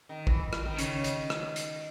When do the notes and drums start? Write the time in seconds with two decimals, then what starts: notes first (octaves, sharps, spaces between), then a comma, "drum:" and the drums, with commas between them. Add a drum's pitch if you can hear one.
0.09 D#3
0.27 E3, drum: kick
0.53 drum: rim click
0.66 D#3
0.79 C#3, drum: hi-hat
1.04 drum: hi-hat
1.30 drum: rim click
1.56 drum: hi-hat